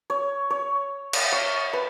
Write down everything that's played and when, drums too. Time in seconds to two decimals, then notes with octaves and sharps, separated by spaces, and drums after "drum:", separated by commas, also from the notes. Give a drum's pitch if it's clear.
0.10 C#5
0.50 C#5
1.13 drum: cymbal
1.32 C#5
1.73 B4